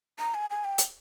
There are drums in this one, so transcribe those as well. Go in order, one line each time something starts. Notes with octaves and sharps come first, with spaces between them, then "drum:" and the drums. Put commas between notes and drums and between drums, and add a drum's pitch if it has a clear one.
A#5
G#5
G#5
G5
drum: hi-hat